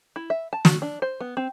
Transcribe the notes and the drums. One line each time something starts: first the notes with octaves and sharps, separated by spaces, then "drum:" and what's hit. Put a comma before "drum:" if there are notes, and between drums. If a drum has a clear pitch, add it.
E4
E5
A5
F#4, drum: snare
D4
C5
B3
C4